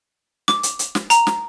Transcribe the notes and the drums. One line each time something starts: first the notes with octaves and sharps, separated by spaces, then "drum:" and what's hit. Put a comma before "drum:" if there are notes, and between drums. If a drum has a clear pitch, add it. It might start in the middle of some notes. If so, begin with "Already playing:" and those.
D6, drum: snare
drum: hi-hat
drum: hi-hat
drum: snare
A#5, drum: hi-hat
drum: snare